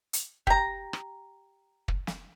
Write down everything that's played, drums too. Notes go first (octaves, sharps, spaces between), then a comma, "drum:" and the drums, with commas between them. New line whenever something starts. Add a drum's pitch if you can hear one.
drum: hi-hat
G4 A#5, drum: kick
drum: rim click
drum: kick
drum: snare